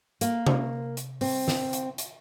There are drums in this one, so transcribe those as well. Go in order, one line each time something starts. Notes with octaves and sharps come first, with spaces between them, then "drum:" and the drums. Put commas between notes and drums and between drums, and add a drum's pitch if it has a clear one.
A#3, drum: hi-hat
drum: tom C3
drum: hi-hat
C4, drum: open hi-hat
drum: snare
drum: hi-hat
drum: hi-hat